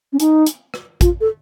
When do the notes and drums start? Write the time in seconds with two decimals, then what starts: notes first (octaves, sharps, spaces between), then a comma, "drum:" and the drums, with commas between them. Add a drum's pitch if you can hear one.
0.13 C#4
0.20 D#4, drum: hi-hat
0.46 drum: hi-hat
0.74 drum: rim click
1.01 F4, drum: kick, hi-hat
1.21 A4